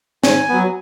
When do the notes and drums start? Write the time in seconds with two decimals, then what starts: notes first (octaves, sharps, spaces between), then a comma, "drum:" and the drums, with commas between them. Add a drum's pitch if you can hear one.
0.24 G#2 G#5, drum: snare
0.49 F#3 B3